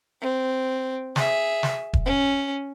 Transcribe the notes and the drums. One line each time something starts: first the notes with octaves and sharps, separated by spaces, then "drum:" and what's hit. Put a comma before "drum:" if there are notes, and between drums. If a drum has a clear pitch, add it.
C4
G#4 E5, drum: snare
drum: snare
drum: kick E1
C#4